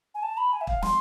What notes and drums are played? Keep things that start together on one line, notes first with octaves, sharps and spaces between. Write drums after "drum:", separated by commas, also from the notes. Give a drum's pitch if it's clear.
G#5
A5
B5
G#5
E5
F5, drum: kick
C6, drum: snare